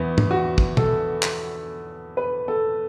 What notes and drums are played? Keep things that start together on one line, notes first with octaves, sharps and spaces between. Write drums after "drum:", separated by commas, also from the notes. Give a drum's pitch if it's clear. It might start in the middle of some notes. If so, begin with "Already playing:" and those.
Already playing: E2 E3 B3
drum: tom
F#4
drum: kick
A4, drum: tom
drum: clap
B4
A4